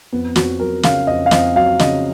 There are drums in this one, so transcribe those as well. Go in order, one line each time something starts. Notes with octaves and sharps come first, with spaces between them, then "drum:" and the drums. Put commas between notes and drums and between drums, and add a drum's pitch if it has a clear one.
F2 B3
F2 F#4, drum: snare
F#3 A#4
C#3 F5, drum: snare
F2 D#5
F5
F2 D#5, drum: snare
F#3 F5
C#3 D#5, drum: snare